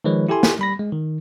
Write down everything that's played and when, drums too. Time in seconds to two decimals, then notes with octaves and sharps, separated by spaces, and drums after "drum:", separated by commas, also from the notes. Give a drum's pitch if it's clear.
0.04 D#3 F3 G#3 B4 C#5
0.29 E4 G4 A4 G#5 C6
0.43 drum: snare
0.59 G3 B5 A#6
0.79 G#3
0.92 D#3